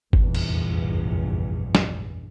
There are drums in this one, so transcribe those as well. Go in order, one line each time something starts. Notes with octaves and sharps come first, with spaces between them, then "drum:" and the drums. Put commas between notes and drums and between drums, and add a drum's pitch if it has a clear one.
F1 A#1 E2 G2, drum: kick F#1
drum: cymbal
drum: snare